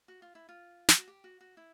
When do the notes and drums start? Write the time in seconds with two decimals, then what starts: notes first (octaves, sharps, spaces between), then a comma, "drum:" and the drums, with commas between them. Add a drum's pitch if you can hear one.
0.08 F#4
0.22 F4
0.35 E4
0.49 F4
0.89 drum: snare
0.98 F#4
1.08 G4
1.24 F#4
1.41 F#4
1.57 E4